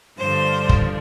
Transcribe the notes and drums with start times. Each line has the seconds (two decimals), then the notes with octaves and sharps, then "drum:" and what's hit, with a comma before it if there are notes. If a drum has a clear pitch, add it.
0.17 G2 D3 F3 C5
0.69 drum: kick